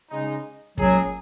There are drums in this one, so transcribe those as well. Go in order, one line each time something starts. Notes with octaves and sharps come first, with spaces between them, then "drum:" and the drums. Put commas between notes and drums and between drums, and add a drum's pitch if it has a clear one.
C#3 G#3 D#4
A#2 F#3 G#3 C#4 G#4, drum: kick